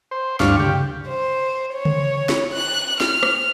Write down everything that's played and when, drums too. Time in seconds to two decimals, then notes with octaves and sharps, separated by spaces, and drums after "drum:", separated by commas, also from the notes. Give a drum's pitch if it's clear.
0.11 C5
0.40 D2 G2 D4 F5 C#6, drum: snare
0.59 G4, drum: tom C3
1.07 C5
1.75 C#5
1.85 drum: tom C#3
2.29 drum: snare
2.52 F#6
3.00 F6, drum: snare
3.23 drum: rim click